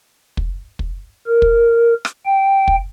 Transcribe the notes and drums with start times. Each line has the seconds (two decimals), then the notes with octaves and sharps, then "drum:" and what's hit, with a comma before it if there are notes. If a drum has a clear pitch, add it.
0.37 drum: kick
0.79 drum: kick
1.27 A#4
1.42 drum: kick
2.05 drum: rim click
2.26 G5
2.68 drum: kick